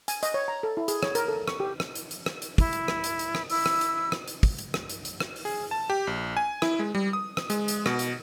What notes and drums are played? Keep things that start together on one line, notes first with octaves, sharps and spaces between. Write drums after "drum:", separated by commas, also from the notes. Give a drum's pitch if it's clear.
G#5, drum: hi-hat
D#5, drum: hi-hat
C#5
A#5
A4
E4
G#4, drum: hi-hat
C#5, drum: rim click
A#4, drum: hi-hat
A4
C#6, drum: rim click
G4
drum: rim click
drum: hi-hat
drum: hi-hat
drum: rim click
drum: hi-hat
E4, drum: kick, open hi-hat
drum: hi-hat
drum: rim click
drum: hi-hat
drum: hi-hat
drum: rim click
E4 E6, drum: open hi-hat
drum: rim click
drum: hi-hat
drum: rim click
drum: hi-hat
drum: kick, open hi-hat
drum: hi-hat
drum: rim click
drum: hi-hat
drum: hi-hat
drum: rim click
drum: open hi-hat
G#4
A5
G4
A#1
G#5
E4, drum: rim click
G#3
G3
D#6
drum: rim click
G#3, drum: hi-hat
drum: hi-hat
B2, drum: rim click
drum: hi-hat